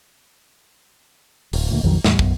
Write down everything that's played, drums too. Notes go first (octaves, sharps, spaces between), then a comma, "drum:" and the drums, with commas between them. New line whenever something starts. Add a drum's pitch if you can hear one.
D1, drum: open hi-hat
D2 A#2
A#1 F2 D#3 F#3
E2 A2 G3, drum: snare
B1 F#2 B2, drum: kick